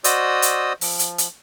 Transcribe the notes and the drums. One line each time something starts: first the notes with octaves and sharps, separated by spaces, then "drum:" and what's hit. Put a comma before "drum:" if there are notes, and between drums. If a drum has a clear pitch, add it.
F#4 C5 D5 D#5 D#6 E6, drum: hi-hat
drum: hi-hat
F3, drum: open hi-hat
drum: hi-hat
drum: hi-hat